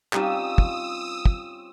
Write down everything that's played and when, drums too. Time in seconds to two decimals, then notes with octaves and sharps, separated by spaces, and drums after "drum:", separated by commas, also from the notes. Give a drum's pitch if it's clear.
0.13 G3 C4 C#4 D#4 F4 G4 D#6 E6, drum: clap
0.58 drum: kick
1.26 drum: kick